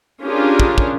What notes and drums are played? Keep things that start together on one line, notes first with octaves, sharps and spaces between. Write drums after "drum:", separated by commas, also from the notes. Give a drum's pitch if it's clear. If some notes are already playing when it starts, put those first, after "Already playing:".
C#4 D4 F4 G4 G#4 A#4
drum: kick
drum: kick